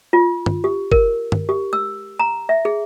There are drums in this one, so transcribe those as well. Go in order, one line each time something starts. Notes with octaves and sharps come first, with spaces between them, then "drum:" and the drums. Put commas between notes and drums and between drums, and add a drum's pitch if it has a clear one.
F4
drum: tom
G4
A#4, drum: kick
drum: tom
G4
E6
A#5
E5
G#4